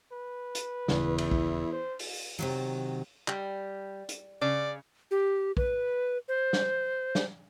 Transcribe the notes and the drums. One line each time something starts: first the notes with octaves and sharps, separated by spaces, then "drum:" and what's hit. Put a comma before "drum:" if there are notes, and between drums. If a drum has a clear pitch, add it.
B4
drum: hi-hat
D#1 E2 C#3 E3, drum: snare
E4, drum: cymbal
drum: kick
C5
drum: open hi-hat
C3 D#3 F#3
G3, drum: clap
drum: hi-hat
C#3 D5
G4
B4, drum: kick
C5
drum: snare
drum: snare